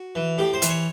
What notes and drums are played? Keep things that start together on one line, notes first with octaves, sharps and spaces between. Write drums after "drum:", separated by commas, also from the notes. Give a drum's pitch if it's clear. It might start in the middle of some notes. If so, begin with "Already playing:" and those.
Already playing: F#4
E3
A2 G4
C5
E3, drum: hi-hat
C#5